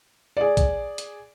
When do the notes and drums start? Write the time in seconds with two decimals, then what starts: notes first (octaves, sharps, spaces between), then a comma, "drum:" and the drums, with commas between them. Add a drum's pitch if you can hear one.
0.37 G#4 D5
0.57 drum: kick A#1, hi-hat
0.98 drum: hi-hat